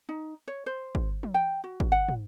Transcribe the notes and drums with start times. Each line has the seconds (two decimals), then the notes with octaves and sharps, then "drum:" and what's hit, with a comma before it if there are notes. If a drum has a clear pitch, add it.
0.09 D#4
0.48 C#5
0.66 C5
0.95 drum: kick
1.23 drum: tom
1.34 G5
1.64 F#4
1.80 drum: kick
1.92 F#5
2.09 drum: tom